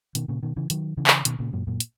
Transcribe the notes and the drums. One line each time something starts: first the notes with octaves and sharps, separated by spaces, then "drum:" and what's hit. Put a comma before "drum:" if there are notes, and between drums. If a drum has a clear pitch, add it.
B2 D#3, drum: hi-hat
A#2 C#3
B2 D#3
C#3 E3
D#3 F#3, drum: hi-hat
C#3 E3
drum: clap
B2 D#3, drum: hi-hat
A#2 C#3
F#2 A#2
F#2 A#2
drum: hi-hat